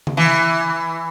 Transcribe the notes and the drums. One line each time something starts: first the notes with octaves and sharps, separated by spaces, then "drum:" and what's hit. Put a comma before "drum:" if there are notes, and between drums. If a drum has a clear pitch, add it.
drum: tom C#3
E3